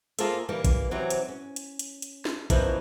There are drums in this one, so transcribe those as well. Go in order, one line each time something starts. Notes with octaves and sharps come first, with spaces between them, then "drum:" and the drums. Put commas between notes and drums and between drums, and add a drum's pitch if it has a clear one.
A#3 F4 G#4 A4 C5 E5, drum: hi-hat
E3 G3 A#3
drum: kick, hi-hat
C3 E3 F#3 C4
drum: hi-hat
C#4
drum: hi-hat
drum: hi-hat
drum: hi-hat
drum: snare
F#2 B2 E3 F3 E4 A#4, drum: kick, hi-hat